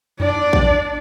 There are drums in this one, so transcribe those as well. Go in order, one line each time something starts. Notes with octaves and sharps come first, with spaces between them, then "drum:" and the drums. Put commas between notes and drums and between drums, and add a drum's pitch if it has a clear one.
D4 D5, drum: tom F2
drum: kick A1